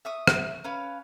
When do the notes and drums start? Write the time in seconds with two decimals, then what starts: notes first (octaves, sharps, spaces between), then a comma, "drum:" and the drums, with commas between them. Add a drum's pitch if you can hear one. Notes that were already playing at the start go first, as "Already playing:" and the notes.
0.05 E5 C#6 D#6
0.27 drum: rim click
0.64 C#4 B4 F5